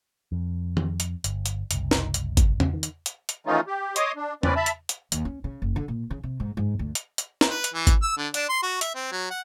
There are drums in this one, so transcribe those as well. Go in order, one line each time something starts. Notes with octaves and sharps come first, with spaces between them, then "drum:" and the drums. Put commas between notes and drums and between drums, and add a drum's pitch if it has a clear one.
F2
drum: tom D#3
drum: hi-hat
G1, drum: hi-hat
drum: hi-hat
F#1 C2, drum: hi-hat
drum: snare
drum: hi-hat
drum: kick G#1, hi-hat
drum: tom E2
D#3
drum: hi-hat
drum: hi-hat
drum: hi-hat
D#3 E3 A3 C#4 D#4 F4
G4
C#5 D#5 C6 D6 D#6, drum: hi-hat
D4
C4 C#4 B4 D5, drum: tom E2
E5 A5 B5
drum: hi-hat
drum: hi-hat
D#2, drum: hi-hat
C#4
C#3
F#1
D3
A#2
C#3
C3
G#2
G#2
D2
drum: hi-hat
drum: hi-hat
drum: snare
B4
drum: hi-hat
E3
drum: kick G#1, hi-hat
E6
D3
D4, drum: hi-hat
C6
F#4
E5, drum: hi-hat
C4
F#3
F#5